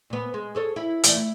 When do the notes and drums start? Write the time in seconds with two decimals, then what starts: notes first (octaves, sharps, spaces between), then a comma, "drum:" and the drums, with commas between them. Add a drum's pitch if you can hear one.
0.10 A#2 B3
0.34 G#3
0.55 G#4 A4 C#5
0.76 E4
1.04 E3 A3 D5, drum: hi-hat
1.17 E4